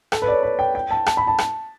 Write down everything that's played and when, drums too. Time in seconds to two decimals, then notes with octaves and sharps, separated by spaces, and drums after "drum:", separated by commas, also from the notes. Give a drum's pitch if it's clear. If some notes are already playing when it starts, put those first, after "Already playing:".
0.12 A4, drum: rim click
0.22 B4
0.28 D5
0.32 C#5
0.43 B4
0.59 G5
0.75 G5
0.91 A5
1.06 A5, drum: rim click
1.17 B5
1.27 A5
1.38 drum: rim click